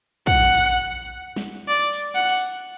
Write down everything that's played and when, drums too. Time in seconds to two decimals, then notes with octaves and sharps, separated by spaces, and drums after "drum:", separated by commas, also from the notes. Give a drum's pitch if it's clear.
0.27 F#5, drum: kick
1.36 drum: snare
1.68 D5
1.93 drum: open hi-hat
2.15 F#5, drum: hi-hat
2.29 drum: open hi-hat